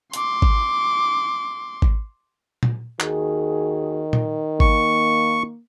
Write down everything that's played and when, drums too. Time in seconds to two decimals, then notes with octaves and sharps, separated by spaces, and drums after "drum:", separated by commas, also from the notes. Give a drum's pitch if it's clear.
0.13 C6 D6, drum: hi-hat
0.42 drum: kick G#1
1.82 drum: kick G#1
2.63 drum: tom A#2
3.00 D#2 D#3 F#4 G#4, drum: clap
4.13 drum: tom A#2
4.60 A#3 C#6, drum: kick G#1